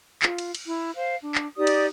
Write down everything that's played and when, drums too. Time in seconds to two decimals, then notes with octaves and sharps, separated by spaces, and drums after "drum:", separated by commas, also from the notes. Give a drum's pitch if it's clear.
0.22 F4, drum: clap
0.38 drum: cymbal
0.55 drum: cymbal
0.67 E4
0.95 C5 F5
1.23 D4
1.35 drum: clap
1.57 D#4 G4 D5 D#6
1.67 drum: cymbal